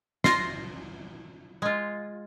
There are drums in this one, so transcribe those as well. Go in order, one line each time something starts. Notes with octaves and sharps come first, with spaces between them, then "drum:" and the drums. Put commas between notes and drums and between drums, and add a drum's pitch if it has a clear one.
F4 C6 A#6 C7, drum: snare
G#3 F4